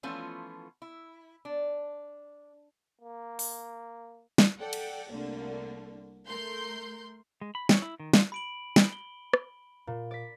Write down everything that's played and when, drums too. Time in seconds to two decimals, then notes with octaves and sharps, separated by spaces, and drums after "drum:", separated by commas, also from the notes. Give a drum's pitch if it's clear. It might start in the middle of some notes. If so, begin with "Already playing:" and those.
0.03 E3 F3 A3 B3 C#4 F4
0.82 E4
1.45 D4
3.01 A#3
3.39 drum: open hi-hat
4.38 drum: snare
4.59 A4 D5 F#5 G5
4.73 drum: cymbal
5.11 C2 D3 A3 A#3
6.28 A3 A#4 C6 G6
7.41 G#3
7.55 B5
7.69 C#5, drum: snare
7.82 E4
8.00 D#3
8.13 F4, drum: snare
8.32 B5 D7 F#7
8.76 drum: snare
8.92 G7
9.33 drum: rim click
9.87 A#2
10.11 D5 B6